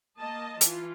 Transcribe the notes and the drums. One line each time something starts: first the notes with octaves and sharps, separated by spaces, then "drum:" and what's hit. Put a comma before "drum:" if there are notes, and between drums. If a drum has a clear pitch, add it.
A#3 D#5 A5
E3 F4, drum: hi-hat